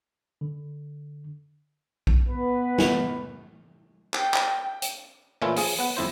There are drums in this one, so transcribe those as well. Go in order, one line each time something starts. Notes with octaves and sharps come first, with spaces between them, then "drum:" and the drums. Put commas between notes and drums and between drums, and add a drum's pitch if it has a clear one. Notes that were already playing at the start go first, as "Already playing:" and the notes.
D3
drum: kick A#1
B3 B4
drum: snare
G5, drum: clap
drum: clap
drum: hi-hat
A#2 E3 A3 C#4 E4 F4
F3 G#4, drum: open hi-hat
B3 F#5
G1 F2 E4 C5